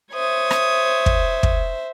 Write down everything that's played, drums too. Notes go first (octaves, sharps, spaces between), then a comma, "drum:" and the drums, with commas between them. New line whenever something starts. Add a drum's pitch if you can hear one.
C5 C#5 E5 D#6 G#6
drum: rim click
drum: kick
drum: kick